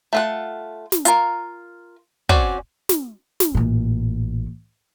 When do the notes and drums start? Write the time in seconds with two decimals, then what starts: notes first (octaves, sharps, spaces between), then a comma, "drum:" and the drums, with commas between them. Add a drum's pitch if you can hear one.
0.13 A3 F4 F#5
0.92 drum: snare
1.05 F4 A#4, drum: hi-hat
2.29 C4 C#4 F#4 C#5 D5, drum: kick
2.89 drum: snare
3.40 drum: snare
3.55 A1 A#2